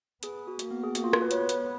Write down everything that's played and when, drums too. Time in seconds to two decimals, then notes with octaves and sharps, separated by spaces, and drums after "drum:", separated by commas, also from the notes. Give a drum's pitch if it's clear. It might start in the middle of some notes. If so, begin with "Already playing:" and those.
0.23 B3 G#4, drum: hi-hat
0.47 F#4
0.59 A#3 F#4, drum: hi-hat
0.71 B3
0.83 G#4
0.95 A#3 F#4, drum: hi-hat
1.04 F4
1.13 F#4, drum: rim click
1.22 B4
1.31 B3 C#5, drum: hi-hat
1.49 drum: hi-hat